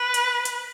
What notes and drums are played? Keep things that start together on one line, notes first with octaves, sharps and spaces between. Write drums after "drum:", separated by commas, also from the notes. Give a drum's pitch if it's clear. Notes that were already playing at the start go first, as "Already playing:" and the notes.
Already playing: B4
drum: hi-hat
drum: hi-hat